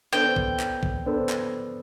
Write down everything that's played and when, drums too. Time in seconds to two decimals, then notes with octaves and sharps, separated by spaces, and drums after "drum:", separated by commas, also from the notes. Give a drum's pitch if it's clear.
0.13 B3 D4 A4 C5 G5
0.36 drum: kick
0.60 drum: clap
0.83 drum: kick
1.06 B3 D4 A4 C5
1.29 drum: clap